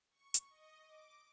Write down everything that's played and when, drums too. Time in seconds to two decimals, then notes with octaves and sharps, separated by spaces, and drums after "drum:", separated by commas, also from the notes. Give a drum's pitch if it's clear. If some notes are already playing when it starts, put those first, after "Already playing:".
0.12 C#6
0.34 drum: hi-hat
0.50 D#5
0.86 D6